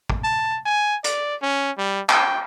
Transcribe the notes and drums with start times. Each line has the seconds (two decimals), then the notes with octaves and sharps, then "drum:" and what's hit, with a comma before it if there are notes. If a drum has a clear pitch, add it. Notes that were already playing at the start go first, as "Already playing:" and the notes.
0.10 drum: kick
0.24 A5
0.66 G#5
1.04 D5, drum: hi-hat
1.42 C#4
1.78 G3
2.09 G5, drum: clap